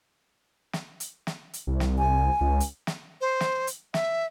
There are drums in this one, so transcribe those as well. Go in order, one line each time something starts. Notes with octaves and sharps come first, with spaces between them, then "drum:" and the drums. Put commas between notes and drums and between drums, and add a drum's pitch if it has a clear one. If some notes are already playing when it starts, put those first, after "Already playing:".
drum: snare
drum: hi-hat
drum: snare
drum: hi-hat
C2
drum: snare
G#5
C#2
drum: hi-hat
drum: snare
C5
drum: snare
drum: hi-hat
E5, drum: snare